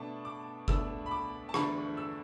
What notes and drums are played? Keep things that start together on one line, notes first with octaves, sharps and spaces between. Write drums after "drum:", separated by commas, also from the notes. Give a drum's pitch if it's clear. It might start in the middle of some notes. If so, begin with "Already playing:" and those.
Already playing: B2 A3 D4 A5
D6
B2 A3 D4 E6, drum: kick F#1
B5
D6
A5
E2 D3 A3 D4 B5, drum: rim click
E6